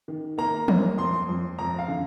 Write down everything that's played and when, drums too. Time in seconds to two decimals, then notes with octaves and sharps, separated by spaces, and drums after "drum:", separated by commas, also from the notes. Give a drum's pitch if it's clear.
0.08 D#3
0.38 A#3 A#5
0.68 A#3, drum: tom E3
0.98 F2 C6
1.28 F2
1.58 F2 A#5
1.78 F5
1.88 D3